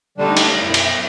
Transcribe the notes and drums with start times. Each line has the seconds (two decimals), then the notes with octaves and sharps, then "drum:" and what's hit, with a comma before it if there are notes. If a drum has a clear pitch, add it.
0.18 D3 G3 A3 D4 D#4
0.37 drum: cymbal
0.61 F#2 B2 E4
0.74 drum: cymbal